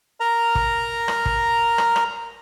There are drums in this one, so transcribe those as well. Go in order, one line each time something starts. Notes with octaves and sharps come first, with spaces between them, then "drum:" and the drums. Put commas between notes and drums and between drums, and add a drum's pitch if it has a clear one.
A#4 A#5
drum: kick
drum: rim click
drum: kick
drum: rim click
drum: rim click